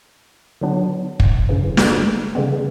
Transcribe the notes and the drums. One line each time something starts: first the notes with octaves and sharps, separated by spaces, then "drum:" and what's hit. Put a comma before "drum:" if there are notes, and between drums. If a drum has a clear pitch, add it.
D3 F#3 B3 D4
drum: kick
F#2 C#3 E3
drum: snare
C#3 E3 G3 B3